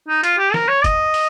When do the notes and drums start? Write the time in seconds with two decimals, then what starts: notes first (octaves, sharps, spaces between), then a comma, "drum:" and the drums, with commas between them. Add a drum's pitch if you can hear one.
0.08 D#4
0.24 F4, drum: hi-hat
0.38 G4
0.54 A#4, drum: snare
0.68 C#5
0.84 D#5, drum: kick, hi-hat
1.14 drum: open hi-hat